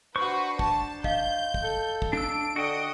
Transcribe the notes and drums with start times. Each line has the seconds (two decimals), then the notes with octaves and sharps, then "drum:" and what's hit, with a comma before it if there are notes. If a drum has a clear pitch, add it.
0.16 D4 F#4 B4 C5 C#6
0.59 A5, drum: kick
1.04 D#5 F5 G6, drum: kick
1.54 drum: kick
1.63 A4
2.02 drum: kick
2.13 D4 E6 D7
2.56 D3 F#4 D#5 G5